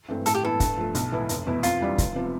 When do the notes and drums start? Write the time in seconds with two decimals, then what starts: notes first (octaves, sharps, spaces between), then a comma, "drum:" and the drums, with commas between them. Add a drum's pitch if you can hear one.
0.09 G2 E3 A3 C4
0.26 A2 A4, drum: hi-hat
0.35 G4
0.43 E3 B3 E4 A4
0.60 G2, drum: kick, hi-hat
0.77 F3 A3
0.95 B1, drum: hi-hat
1.12 A2 E3 B3 E4
1.29 F1, drum: hi-hat
1.47 E2 B2 B3 E4
1.63 F2 F4, drum: hi-hat
1.81 E3 G3 D4
1.98 F1, drum: kick, hi-hat
2.16 C3 F3 B3